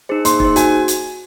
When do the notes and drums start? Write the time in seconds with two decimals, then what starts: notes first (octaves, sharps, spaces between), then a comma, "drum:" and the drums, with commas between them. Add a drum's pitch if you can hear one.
0.09 D#4 G#4 C5
0.25 A#3 C6, drum: hi-hat
0.40 D#4 G#4 C5, drum: kick
0.56 F#4 G#5, drum: hi-hat
0.88 drum: hi-hat